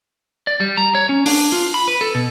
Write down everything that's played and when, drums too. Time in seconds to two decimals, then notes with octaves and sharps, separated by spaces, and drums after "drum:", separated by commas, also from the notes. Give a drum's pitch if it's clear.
0.47 D5
0.60 G3
0.77 A#5
0.95 C#5
1.09 C#4
1.26 D4, drum: open hi-hat
1.52 F4
1.74 B5
1.88 B4
2.01 A4
2.15 B2